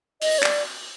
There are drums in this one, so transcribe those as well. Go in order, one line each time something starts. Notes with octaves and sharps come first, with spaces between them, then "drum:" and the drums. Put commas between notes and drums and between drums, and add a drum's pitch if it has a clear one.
D#5, drum: open hi-hat
C#5
D5, drum: clap